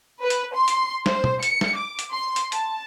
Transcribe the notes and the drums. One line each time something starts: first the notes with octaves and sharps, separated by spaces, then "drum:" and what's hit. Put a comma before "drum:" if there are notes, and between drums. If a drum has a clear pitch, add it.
B4
drum: hi-hat
C6
drum: hi-hat
C5, drum: snare
drum: tom
C#7, drum: hi-hat
drum: snare
D6
drum: hi-hat
C6
drum: hi-hat
A5, drum: hi-hat